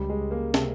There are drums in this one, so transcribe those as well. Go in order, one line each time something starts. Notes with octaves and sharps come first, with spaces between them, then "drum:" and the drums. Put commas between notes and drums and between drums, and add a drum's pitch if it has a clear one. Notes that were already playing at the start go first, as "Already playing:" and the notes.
Already playing: C#2 G3
G#3
C#2
A#3
C3, drum: snare